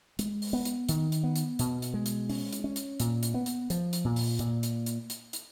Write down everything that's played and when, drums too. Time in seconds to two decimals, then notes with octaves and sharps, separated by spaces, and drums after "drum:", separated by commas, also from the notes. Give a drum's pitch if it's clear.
0.19 G#3, drum: hi-hat
0.42 drum: open hi-hat
0.53 B3
0.65 drum: hi-hat
0.89 D#3, drum: hi-hat
1.12 drum: hi-hat
1.24 B3
1.36 drum: hi-hat
1.59 B2, drum: hi-hat
1.82 drum: hi-hat
1.94 G#3
2.06 drum: hi-hat
2.29 C#4, drum: open hi-hat
2.53 drum: hi-hat
2.64 C#4
2.76 drum: hi-hat
3.00 A#2, drum: hi-hat
3.23 drum: hi-hat
3.34 B3
3.46 drum: hi-hat
3.70 F3, drum: hi-hat
3.93 drum: hi-hat
4.05 A#2
4.16 drum: open hi-hat
4.39 A#2, drum: hi-hat
4.63 drum: hi-hat
4.86 drum: hi-hat
5.10 drum: hi-hat
5.33 drum: hi-hat